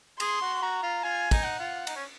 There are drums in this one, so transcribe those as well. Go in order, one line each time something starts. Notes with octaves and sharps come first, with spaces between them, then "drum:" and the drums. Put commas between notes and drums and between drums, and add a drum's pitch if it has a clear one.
G#4 C6, drum: cymbal
F#4
F#4 A#5
F4
F4 G#5
D#4, drum: kick, cymbal
F#5
F4
D#4, drum: cymbal
C#4